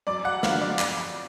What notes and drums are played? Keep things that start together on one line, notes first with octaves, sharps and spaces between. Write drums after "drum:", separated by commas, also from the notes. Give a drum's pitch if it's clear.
F#2 D5 D6
F#5 F#6
D3 F#3 B3 F5 F6, drum: snare
D5 D6
F2, drum: clap